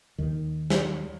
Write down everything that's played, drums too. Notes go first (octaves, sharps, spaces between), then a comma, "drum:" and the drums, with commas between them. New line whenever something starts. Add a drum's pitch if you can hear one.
D#2 D#3
drum: snare